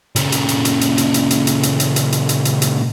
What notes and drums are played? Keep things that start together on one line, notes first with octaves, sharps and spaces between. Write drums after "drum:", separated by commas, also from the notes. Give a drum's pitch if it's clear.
A#2 C#3, drum: hi-hat
drum: hi-hat
drum: hi-hat
drum: hi-hat
drum: hi-hat
drum: hi-hat
drum: hi-hat
drum: hi-hat
drum: hi-hat
drum: hi-hat
drum: hi-hat
drum: hi-hat
drum: hi-hat
drum: hi-hat
drum: hi-hat
drum: hi-hat